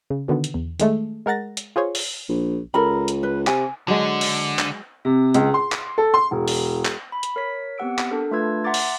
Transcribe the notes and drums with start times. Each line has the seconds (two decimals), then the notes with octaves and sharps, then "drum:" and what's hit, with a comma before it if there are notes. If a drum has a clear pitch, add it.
0.10 C#3
0.28 B2 D3 D#3 B3
0.44 drum: hi-hat
0.54 E2
0.80 D#3 G#3 A3, drum: hi-hat
1.26 G#3 A#4 F#5 A6 A#6
1.57 drum: hi-hat
1.76 F4 G#4 C5 C#5
1.95 drum: open hi-hat
2.29 A#1
2.74 C#2 A4 A#4 B5
3.08 drum: hi-hat
3.23 B4
3.47 C3 G#5, drum: clap
3.88 D3 F#3 G#3
4.21 drum: open hi-hat
4.59 drum: clap
5.05 C3
5.34 C#2, drum: hi-hat
5.54 C6
5.72 drum: clap
5.98 A4
6.14 C6
6.31 E1
6.48 drum: open hi-hat
6.85 drum: clap
7.12 B5
7.23 drum: hi-hat
7.36 A#4 C#5 B6
7.78 B3 C4 G4 F#5 E6 D7
7.98 drum: clap
8.11 D4 A4 A#4
8.31 A3 D4 F4 B4 E6 G#6
8.64 E5 F#5 A#5 C6 D6 A6
8.74 drum: open hi-hat